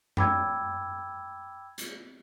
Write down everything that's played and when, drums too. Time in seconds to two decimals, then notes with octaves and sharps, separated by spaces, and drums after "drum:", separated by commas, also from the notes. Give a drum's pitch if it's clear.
0.17 G5 B5 D6 E6 G#6, drum: tom F#2
1.78 drum: hi-hat